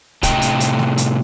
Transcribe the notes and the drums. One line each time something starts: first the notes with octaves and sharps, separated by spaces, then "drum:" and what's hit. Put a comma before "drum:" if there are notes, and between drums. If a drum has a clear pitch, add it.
A2 C3 D#5 G5 A#5, drum: kick, hi-hat
drum: hi-hat
drum: hi-hat
drum: snare A3
drum: hi-hat